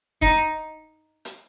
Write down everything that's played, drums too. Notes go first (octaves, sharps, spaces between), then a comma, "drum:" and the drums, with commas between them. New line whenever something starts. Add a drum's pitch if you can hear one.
D#4, drum: kick D#1
drum: hi-hat